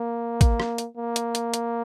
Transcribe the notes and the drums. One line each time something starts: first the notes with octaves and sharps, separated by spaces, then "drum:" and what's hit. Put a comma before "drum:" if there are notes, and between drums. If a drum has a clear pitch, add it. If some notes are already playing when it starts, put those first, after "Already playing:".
Already playing: A#3
drum: kick A1, hi-hat
drum: rim click
drum: hi-hat
A#3
drum: hi-hat
drum: hi-hat
drum: hi-hat